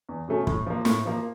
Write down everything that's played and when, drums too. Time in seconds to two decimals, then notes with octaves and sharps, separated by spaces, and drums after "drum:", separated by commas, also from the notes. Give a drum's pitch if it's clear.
0.09 E2
0.28 B2 F#3 A3 C#4
0.47 A2, drum: kick
0.66 F3 A#3
0.85 A2, drum: snare
1.05 F3 A#3